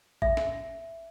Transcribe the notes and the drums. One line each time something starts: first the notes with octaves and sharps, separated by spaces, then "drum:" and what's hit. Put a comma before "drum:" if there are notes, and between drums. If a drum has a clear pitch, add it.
E5, drum: kick
drum: snare